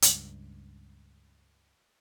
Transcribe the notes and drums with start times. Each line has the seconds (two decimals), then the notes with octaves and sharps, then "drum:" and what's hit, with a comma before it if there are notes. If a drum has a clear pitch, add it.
0.02 C#2 G2, drum: hi-hat